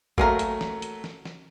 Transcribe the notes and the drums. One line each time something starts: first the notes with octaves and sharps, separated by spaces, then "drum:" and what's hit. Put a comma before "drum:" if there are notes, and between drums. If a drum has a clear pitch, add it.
F#3 A3 A#3 G#4 A#4, drum: kick A1
drum: hi-hat
drum: snare
drum: hi-hat
drum: snare
drum: snare